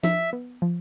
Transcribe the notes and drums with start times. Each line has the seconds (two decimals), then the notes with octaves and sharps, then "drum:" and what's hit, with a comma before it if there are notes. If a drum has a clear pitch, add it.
0.03 F3 E5, drum: snare
0.33 B3
0.62 F3